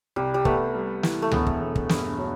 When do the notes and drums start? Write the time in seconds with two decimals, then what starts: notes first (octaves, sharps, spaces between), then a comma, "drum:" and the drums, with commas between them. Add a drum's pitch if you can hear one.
0.16 C2 G3
0.34 G3
0.45 A3 B3, drum: kick
0.75 G3
1.03 E3, drum: snare
1.22 A3
1.31 E1 B3, drum: tom C#2
1.47 drum: kick
1.61 E1
1.76 drum: kick
1.89 G2, drum: snare
2.18 F#3